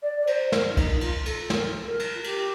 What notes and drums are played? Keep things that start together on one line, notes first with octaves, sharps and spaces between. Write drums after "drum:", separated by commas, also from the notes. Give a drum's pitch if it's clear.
D5
D5
C5, drum: cymbal
A#4, drum: snare
D4
D#4, drum: kick, cymbal
F4, drum: cymbal
A4, drum: cymbal
A#4, drum: snare
A4
A#4
drum: cymbal
F4
G4, drum: cymbal